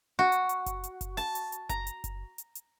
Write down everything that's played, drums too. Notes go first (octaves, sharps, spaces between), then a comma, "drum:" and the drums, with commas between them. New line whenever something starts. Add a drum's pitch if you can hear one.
F#4
drum: hi-hat
drum: hi-hat
drum: kick F#1, hi-hat
drum: hi-hat
drum: kick F#1, hi-hat
A5, drum: open hi-hat
drum: hi-hat
drum: hi-hat
A#5, drum: kick F#1, hi-hat
drum: hi-hat
drum: kick F#1, hi-hat
drum: hi-hat
drum: hi-hat